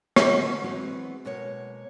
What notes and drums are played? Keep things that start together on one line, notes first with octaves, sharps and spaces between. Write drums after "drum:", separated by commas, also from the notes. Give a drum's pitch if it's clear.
D3 F#3 G#3, drum: rim click
E3 F#3 G#3 B3 C4
B2 G#3 A#3 C#5